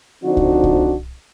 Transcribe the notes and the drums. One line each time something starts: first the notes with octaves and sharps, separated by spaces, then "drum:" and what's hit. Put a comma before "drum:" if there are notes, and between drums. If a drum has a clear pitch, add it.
D3 F3 C4 D4 D#4 F#4
drum: kick C2
drum: kick C2